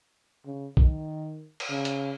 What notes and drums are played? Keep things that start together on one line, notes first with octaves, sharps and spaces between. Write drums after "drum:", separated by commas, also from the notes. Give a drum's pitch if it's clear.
C#3
D#3, drum: kick A#1
drum: cymbal
C#3
drum: hi-hat